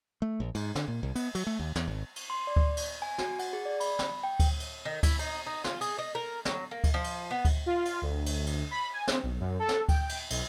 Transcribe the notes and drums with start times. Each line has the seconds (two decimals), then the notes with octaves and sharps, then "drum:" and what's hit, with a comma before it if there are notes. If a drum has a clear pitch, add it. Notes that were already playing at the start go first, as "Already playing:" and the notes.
0.22 A3
0.40 A#1
0.55 G#2, drum: cymbal
0.75 D3, drum: snare
0.88 A#2
1.03 C2
1.15 B3, drum: cymbal
1.35 F#3, drum: cymbal
1.47 A3
1.59 D#2
1.76 E2, drum: snare
1.88 G#1
2.16 drum: cymbal
2.30 C6
2.47 D5
2.56 drum: kick D2
2.77 drum: cymbal
3.02 G#5
3.18 F#4, drum: snare
3.39 F#5, drum: cymbal
3.53 G#4
3.65 D5
3.80 B5, drum: cymbal
3.99 drum: snare
4.24 G5
4.40 drum: kick D2, cymbal
4.60 drum: cymbal
4.85 D#3
5.03 E4, drum: kick D2, cymbal
5.19 D#4, drum: cymbal
5.46 D#4
5.64 F4, drum: snare
5.81 G#4, drum: cymbal
5.98 D#5
6.15 A#4
6.45 F#3, drum: snare
6.71 A#3
6.84 drum: kick D2, cymbal
6.94 F3
7.04 drum: cymbal
7.31 B3
7.45 drum: kick D2, cymbal
7.66 F4
7.85 drum: cymbal
8.02 D2
8.26 drum: cymbal
8.46 drum: cymbal
8.71 B5
8.93 G#5
9.07 C4, drum: snare
9.23 B1
9.40 F#2
9.59 A4
9.69 drum: snare
9.89 G5, drum: kick D2, cymbal
10.09 drum: cymbal
10.30 B1, drum: cymbal